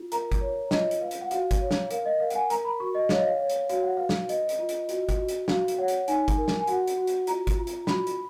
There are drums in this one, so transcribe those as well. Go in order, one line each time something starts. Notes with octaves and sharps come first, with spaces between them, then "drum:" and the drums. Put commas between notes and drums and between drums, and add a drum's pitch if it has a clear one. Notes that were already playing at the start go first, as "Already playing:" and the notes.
Already playing: F4
A#4 A#5, drum: hi-hat
drum: kick, hi-hat
C#5
F4 D#5, drum: snare
drum: hi-hat
B4 F5
drum: hi-hat
F#5
F#4 F5, drum: hi-hat
drum: kick, hi-hat
C#5
drum: snare
A#4 F5, drum: hi-hat
D#5
A#4 F5
F#5, drum: hi-hat
G#5
A#4 A#5, drum: hi-hat
B5
F#4 C#6
D#5
C#5 F5, drum: snare
D#5
F5
C#5
drum: hi-hat
F#4 F5, drum: hi-hat
F#5
B4 F5
drum: snare
B4 D#5, drum: hi-hat
drum: hi-hat
F4
drum: hi-hat
F#4, drum: hi-hat
drum: kick, hi-hat
F#4
drum: hi-hat
F#4 F5, drum: snare
drum: hi-hat
C#5 F#5
drum: hi-hat
D#4 G#5, drum: hi-hat
drum: kick, hi-hat
A#4
drum: snare
G#5
F#4 F#5, drum: hi-hat
drum: hi-hat
F#4
drum: hi-hat
F4 A#5, drum: hi-hat
drum: kick, hi-hat
F4
drum: hi-hat
F#4 B5, drum: snare
drum: hi-hat